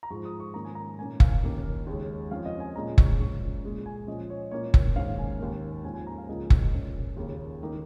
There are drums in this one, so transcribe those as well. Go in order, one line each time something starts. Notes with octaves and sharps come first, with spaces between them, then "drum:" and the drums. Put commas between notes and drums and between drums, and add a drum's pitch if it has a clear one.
A#5
G#2 F3 G#3 C#6
D#6
C#6
G#2 D#3 A#3 C#4 A#5
G#5
A#5
A#2 A#3 C#4 G#5
F5, drum: kick F#1
D#2 D#3 A#3 C#4
D#2 C#3 G#3
F2 F3 C#4 F5
D#5
G#5
A#2 F3 G#3 C#4 A#5
C#6, drum: kick F#1
C#2 C#3 A#3 C#4 C#6
A#2 G#3 C#4
G#5
A#2 F3 C#4 D#5
C#5
A#2 A#3 C#4 C#5
drum: kick F#1
G#2 D#3 C#4 F5
G#5
D#2 D#3 A#3
G#2 F3 A#3 C#4 G#5
G#5
A#5
F5
C#2 C#3 F3 A#3 D#5
drum: kick F#1
A#2 A#3 C#4
D#2 C#3 A#3
D#3 A#3